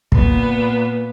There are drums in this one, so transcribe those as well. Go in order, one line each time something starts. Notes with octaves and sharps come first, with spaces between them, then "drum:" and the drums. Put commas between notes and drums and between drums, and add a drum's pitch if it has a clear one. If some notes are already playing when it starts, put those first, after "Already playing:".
A#2 B3, drum: kick